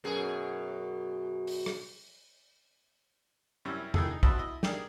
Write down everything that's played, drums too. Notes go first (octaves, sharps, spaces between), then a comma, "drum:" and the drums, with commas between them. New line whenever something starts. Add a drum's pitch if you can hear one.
F#2 B2 G#4
drum: open hi-hat
drum: rim click
F#2 C3 G3 C#4 E4
D#3 E3 G#4 A4, drum: tom E2
D#4
C4 F#4 D#5 E5 A5 B5, drum: kick
E4 D#5
G4 G#4 A#4 D5 G5, drum: snare